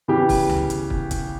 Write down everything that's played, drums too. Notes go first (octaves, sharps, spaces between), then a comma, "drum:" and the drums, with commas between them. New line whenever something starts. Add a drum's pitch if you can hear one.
E2 C#3 E3 G4
drum: kick, open hi-hat
drum: tom C#2
drum: hi-hat
drum: kick
drum: kick, hi-hat